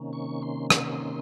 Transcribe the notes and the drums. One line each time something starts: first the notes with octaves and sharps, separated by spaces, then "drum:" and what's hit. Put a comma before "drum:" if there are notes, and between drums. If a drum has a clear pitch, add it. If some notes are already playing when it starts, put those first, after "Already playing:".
Already playing: C3 D#3 A#3 C#4
C#6
C6
C6, drum: rim click